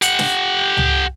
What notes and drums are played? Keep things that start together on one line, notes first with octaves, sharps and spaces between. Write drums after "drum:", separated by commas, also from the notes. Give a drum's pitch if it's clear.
G4 F#5, drum: hi-hat
drum: snare
drum: tom C#2